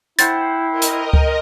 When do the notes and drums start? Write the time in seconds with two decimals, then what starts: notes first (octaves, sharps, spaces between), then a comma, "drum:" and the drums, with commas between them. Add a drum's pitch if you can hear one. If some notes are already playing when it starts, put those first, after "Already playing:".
0.19 E4 C5 F#5 G5 A6, drum: hi-hat
0.71 A#4 D#5
0.82 drum: hi-hat
1.13 drum: kick C#2